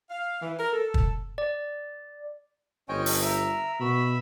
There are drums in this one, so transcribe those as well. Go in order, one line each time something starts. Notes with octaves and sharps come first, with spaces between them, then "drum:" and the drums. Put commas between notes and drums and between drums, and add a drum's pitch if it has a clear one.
F5
E3
A#4
A4
drum: kick
D5
G1 C#4 C5 C#5 D#5 G5 G#5
drum: open hi-hat
A#4 E5 E6
B2 F#4 E5 B5